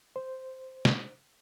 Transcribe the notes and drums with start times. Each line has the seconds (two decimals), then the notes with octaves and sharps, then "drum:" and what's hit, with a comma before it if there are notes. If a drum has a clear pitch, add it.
0.16 C5
0.85 drum: snare